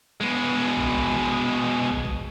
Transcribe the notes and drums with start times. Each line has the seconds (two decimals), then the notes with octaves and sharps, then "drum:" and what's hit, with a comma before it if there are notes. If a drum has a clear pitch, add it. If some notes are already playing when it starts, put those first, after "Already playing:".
0.21 B2 G#3
0.77 drum: kick
0.92 drum: kick
1.91 drum: kick
2.05 drum: kick